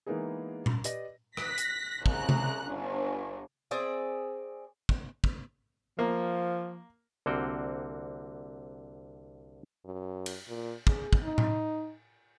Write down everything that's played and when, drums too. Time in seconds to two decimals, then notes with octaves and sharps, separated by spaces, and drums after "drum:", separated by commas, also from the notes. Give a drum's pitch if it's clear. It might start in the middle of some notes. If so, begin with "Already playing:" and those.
0.06 E3 G#3 A#3 B3 D#4 G#4
0.66 drum: tom A#2
0.84 G4 B4 D5 D#5 A#6, drum: hi-hat
1.37 F#6 A#6 B6, drum: rim click
1.58 drum: hi-hat
2.06 C2 C#3 A#5 F#6, drum: kick
2.29 drum: tom C3
2.68 G1
3.71 C4 G#4 D5 E5
4.89 drum: kick
5.24 drum: kick
5.99 F3 A#3
7.26 C2 D3 A#3 C4 F#4 G5
9.85 F#2
10.26 drum: cymbal
10.48 A#2
10.87 G#4, drum: kick
11.13 drum: kick
11.23 D#4
11.38 drum: tom A2